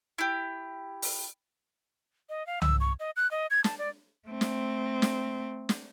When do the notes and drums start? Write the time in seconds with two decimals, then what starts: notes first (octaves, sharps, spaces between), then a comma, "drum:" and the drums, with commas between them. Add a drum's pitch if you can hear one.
0.18 E4 G4
1.02 drum: open hi-hat
2.29 D#5
2.47 F5
2.62 E6, drum: tom C2
2.80 C#6
3.00 D#5
3.17 F#6
3.31 D#5
3.51 G#6
3.64 A5, drum: snare
3.79 D5
4.28 A3 C4
4.41 drum: snare
5.02 drum: snare
5.69 drum: snare